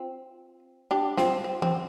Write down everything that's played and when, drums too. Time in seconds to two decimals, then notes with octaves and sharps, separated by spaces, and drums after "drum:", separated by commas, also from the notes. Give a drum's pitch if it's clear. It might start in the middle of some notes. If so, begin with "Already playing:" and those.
Already playing: C4 F4
0.91 D4 G4
1.17 C4 F4, drum: snare
1.44 C4
1.62 C4, drum: tom E3